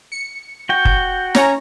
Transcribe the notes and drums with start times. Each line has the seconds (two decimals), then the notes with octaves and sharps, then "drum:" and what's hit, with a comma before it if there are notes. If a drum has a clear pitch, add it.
0.12 C#7
0.69 F#4 G5
0.85 drum: kick
1.35 C#4 C#5 A#5, drum: snare